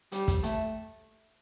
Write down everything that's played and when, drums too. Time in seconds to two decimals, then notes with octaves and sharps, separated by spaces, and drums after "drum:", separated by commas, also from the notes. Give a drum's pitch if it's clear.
0.12 G3, drum: hi-hat
0.28 drum: kick, hi-hat
0.43 A3, drum: hi-hat